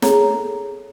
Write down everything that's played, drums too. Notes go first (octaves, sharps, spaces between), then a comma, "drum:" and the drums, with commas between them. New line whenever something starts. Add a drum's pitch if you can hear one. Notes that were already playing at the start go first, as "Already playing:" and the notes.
G#4 A4 C#5 A#5, drum: snare